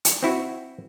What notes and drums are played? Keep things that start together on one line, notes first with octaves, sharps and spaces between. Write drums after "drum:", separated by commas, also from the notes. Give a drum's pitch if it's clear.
drum: hi-hat
C4 E4 F#4